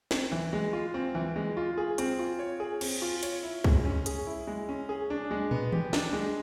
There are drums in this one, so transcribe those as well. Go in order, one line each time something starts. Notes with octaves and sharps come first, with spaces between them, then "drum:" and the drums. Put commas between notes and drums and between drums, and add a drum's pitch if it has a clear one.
C4, drum: snare
E3
G#3
F4
C4
E3
G#3
F4
G#4
C4, drum: hi-hat
F4
C#5
G#4
C4, drum: cymbal
F4
C#5, drum: cymbal
E4
G#3, drum: kick
C#4
G#4, drum: hi-hat
E4
G#3
C#4
G#4
D4
G#3
B3, drum: tom
G4, drum: tom D#3
D4, drum: snare
G#3